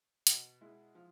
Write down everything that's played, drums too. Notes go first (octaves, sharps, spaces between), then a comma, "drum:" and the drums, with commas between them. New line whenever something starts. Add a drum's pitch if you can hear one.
B2, drum: hi-hat
G#3 E4
F3